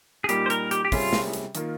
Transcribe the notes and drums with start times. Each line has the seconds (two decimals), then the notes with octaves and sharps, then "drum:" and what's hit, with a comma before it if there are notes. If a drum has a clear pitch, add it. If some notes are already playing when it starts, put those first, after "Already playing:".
0.24 G#4
0.29 A#2 G3 A#3 D#4 G4, drum: hi-hat
0.46 C5
0.50 A#4, drum: hi-hat
0.71 G4, drum: hi-hat
0.85 G4
0.92 C3 G3 C#4 F4 G#4, drum: kick, open hi-hat
1.13 drum: snare
1.33 drum: hi-hat
1.55 D#3 A#3 F4, drum: hi-hat